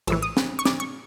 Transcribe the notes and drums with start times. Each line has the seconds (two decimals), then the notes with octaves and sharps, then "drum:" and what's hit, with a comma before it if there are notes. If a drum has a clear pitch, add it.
0.07 A#1 A2 E3 E6, drum: cymbal
0.22 D#6
0.37 drum: snare
0.59 C#6
0.65 D6, drum: snare
0.80 C#6